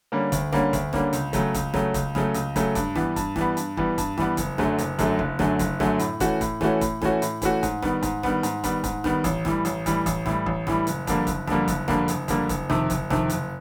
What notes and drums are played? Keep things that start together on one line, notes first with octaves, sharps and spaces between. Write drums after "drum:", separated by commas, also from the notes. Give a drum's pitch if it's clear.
D3 G3 A#3 C#4
D2, drum: kick, hi-hat
D3 G3 A#3 C#4, drum: snare E1
D2, drum: kick, hi-hat
D3 G3 A#3 C#4, drum: snare E1
C#2, drum: hi-hat
C#3 F#3 A3, drum: kick, hi-hat
C#2, drum: kick, hi-hat
C#3 F#3 A3, drum: snare E1
C#2, drum: kick, hi-hat
C#3 F#3 A3, drum: snare E1
C#2, drum: hi-hat
C#3 F#3 A3, drum: kick, hi-hat
G2, drum: kick, hi-hat
E3 G3 B3, drum: snare E1
G2, drum: kick, hi-hat
E3 G3 B3, drum: snare E1
G2, drum: hi-hat
E3 G3 B3, drum: kick
G2, drum: kick, hi-hat
E3 G3 B3, drum: snare E1
F#1, drum: kick, hi-hat
F#2 D3 F#3 A3, drum: snare E1
F#1, drum: hi-hat
F#2 D3 F#3 A3, drum: kick, hi-hat
F#1, drum: kick
F#2 D3 F#3 A3, drum: snare E1
F#1, drum: kick, hi-hat
F#2 D3 F#3 A3, drum: snare E1
A2, drum: hi-hat
E3 A3 C#4 F#4, drum: kick, hi-hat
A2, drum: kick, hi-hat
E3 A3 C#4 F#4, drum: snare E1
A2, drum: kick, hi-hat
E3 A3 C#4 F#4, drum: snare E1
A2, drum: hi-hat
E3 A3 C#4 F#4, drum: kick, hi-hat
G#2, drum: kick, hi-hat
D#3 G3 B3, drum: snare E1
G#2, drum: kick, hi-hat
D#3 G3 B3, drum: snare E1
G#2, drum: hi-hat
D#3 G3 B3, drum: kick, hi-hat
G#2, drum: kick, hi-hat
D#3 G3 B3, drum: snare E1
A1, drum: kick, hi-hat
A2 E3 G3, drum: snare E1
A1, drum: hi-hat
A2 E3 G3, drum: kick, hi-hat
A1, drum: kick, hi-hat
A2 E3 G3, drum: snare E1
A1, drum: kick
A2 E3 G3, drum: snare E1
F#1, drum: hi-hat
F2 D3 G3 A#3, drum: kick, hi-hat
F#1, drum: kick, hi-hat
F2 D3 G3 A#3, drum: snare E1
F#1, drum: kick, hi-hat
F2 D3 G3 A#3, drum: snare E1
F#1, drum: hi-hat
F2 D3 G3 A#3, drum: kick, hi-hat
F#1, drum: kick, hi-hat
F2 C3 D#3, drum: snare E1
F#1, drum: kick, hi-hat
F2 C3 D#3, drum: snare E1
F#1, drum: hi-hat